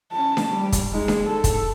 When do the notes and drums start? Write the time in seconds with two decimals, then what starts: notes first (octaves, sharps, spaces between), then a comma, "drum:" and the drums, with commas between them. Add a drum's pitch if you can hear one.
0.12 C#4 A5
0.37 drum: snare D4
0.49 G3
0.72 drum: kick, hi-hat
0.93 G#3 D#4
1.08 drum: snare D4
1.26 A4
1.44 drum: kick, hi-hat